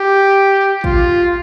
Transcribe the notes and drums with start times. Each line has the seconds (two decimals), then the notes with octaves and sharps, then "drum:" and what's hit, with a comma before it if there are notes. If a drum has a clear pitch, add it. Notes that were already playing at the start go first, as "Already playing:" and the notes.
Already playing: G4
0.84 F4, drum: kick